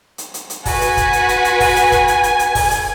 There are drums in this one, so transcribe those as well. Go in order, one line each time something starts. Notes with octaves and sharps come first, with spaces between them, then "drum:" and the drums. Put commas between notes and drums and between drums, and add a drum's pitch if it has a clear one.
drum: hi-hat
drum: hi-hat
drum: hi-hat
F#4 B4 G#5, drum: kick, open hi-hat
drum: hi-hat
drum: kick, hi-hat
drum: hi-hat
drum: hi-hat
drum: hi-hat
drum: kick, open hi-hat
drum: hi-hat
drum: kick, hi-hat
drum: hi-hat
drum: hi-hat
drum: hi-hat
drum: kick, open hi-hat
drum: hi-hat